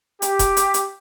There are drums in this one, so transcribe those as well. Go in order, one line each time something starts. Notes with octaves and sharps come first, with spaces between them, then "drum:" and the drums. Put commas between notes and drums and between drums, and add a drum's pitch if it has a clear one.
G4, drum: hi-hat
drum: kick D#1, hi-hat
drum: hi-hat
drum: hi-hat